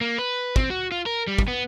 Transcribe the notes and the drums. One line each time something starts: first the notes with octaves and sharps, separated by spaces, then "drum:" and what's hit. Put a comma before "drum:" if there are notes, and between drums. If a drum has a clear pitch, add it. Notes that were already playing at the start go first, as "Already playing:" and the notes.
A#3
B4
C4, drum: kick
F#4
F4
A#4
G3
drum: kick
B3